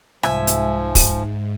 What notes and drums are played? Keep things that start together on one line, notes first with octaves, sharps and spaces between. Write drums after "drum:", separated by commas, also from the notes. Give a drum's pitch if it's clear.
C2 G#2 F3 E5 G#5, drum: rim click
drum: hi-hat
drum: kick, open hi-hat